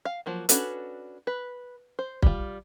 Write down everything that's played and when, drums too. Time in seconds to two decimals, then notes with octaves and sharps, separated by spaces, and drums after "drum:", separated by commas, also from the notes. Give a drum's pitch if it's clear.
0.05 F5
0.26 F3 F#3 A#3
0.49 C#4 D4 F#4 A4 B4, drum: hi-hat
1.27 B4
1.99 C5
2.23 G3 F4, drum: kick